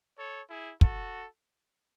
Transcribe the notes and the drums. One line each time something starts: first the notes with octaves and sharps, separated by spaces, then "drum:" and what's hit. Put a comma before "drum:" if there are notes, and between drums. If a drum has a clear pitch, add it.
A4 C#5
E4 G#4
F#4 A4, drum: kick